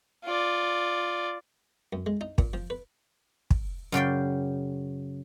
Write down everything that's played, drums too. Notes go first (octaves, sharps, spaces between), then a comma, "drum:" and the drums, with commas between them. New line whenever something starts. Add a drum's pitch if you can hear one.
F4 D5
F#2
G#3
D#4
A#2, drum: kick
F3
B4
drum: kick
F#2 C#3 D5 G5